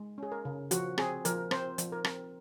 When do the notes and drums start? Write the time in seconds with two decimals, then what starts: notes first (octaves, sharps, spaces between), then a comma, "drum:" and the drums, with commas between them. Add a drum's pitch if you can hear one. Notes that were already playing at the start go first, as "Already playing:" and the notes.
Already playing: G#3
0.18 C#4 G#4
0.32 A#4
0.45 C#3
0.71 F3 F#4, drum: hi-hat
0.98 C4 G#4, drum: rim click
1.25 F3 A#4, drum: hi-hat
1.51 C4 C5, drum: rim click
1.78 F3, drum: hi-hat
1.92 A#4
2.04 C4, drum: rim click